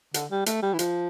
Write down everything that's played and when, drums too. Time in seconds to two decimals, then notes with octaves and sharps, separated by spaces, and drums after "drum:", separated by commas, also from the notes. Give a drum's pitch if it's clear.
0.14 D3, drum: hi-hat
0.31 G3
0.46 A3, drum: hi-hat
0.63 G3
0.74 E3
0.79 F3, drum: hi-hat